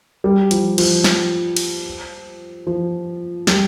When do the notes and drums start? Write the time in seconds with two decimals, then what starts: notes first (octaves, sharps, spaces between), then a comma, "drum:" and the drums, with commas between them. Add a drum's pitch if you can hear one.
0.24 G3
0.51 F3, drum: hi-hat
0.78 F3, drum: cymbal
1.04 drum: snare
1.57 drum: cymbal
2.67 F3
3.47 G3, drum: snare